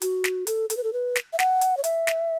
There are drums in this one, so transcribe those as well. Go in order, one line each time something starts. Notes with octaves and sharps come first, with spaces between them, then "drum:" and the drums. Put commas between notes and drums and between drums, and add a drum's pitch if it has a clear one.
F#4, drum: hi-hat
drum: snare
A4, drum: hi-hat
A4, drum: hi-hat
B4
A4
B4
drum: snare
E5
F#5, drum: snare
drum: hi-hat
C#5
E5, drum: hi-hat
drum: snare